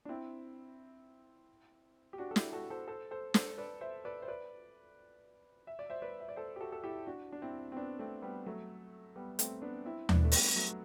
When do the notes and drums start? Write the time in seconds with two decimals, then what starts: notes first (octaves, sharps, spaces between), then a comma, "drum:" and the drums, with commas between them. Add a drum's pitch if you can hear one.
0.05 D4
0.09 C4 E4
2.13 G4
2.18 D4 F#4
2.31 A4
2.36 E4 G4, drum: snare
2.53 F#4 A4
2.70 A4 C5
2.88 A4 C5
3.11 A4 C5
3.34 A4 C5, drum: snare
3.58 B4 D5
3.81 C5 E5
4.05 B4 D5
4.22 C5
4.28 B4 D5
5.67 E5
5.79 D5
5.90 C5 E5
6.02 B4 D5
6.20 E5
6.29 D5
6.36 A4 C5
6.56 G4
6.60 F#4 A4
6.72 A4
6.83 E4 G4
7.06 D4 F#4
7.32 D4
7.42 C4 E4
7.72 C4
7.76 B3 D4
7.99 A3 C4
8.22 G3 B3
8.46 F#3 A3
9.16 G3 B3
9.39 A3 C4, drum: hi-hat
9.62 B3 D4
9.85 C4 E4
10.09 B3 D4, drum: tom D#2
10.24 A3
10.32 G3 B3, drum: open hi-hat
10.56 F#3 A3
10.69 A3